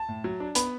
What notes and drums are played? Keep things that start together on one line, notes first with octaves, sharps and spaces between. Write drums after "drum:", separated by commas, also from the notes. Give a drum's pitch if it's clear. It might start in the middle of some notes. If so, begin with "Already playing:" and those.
Already playing: A5
A2
F#3
D4
B3 B5, drum: hi-hat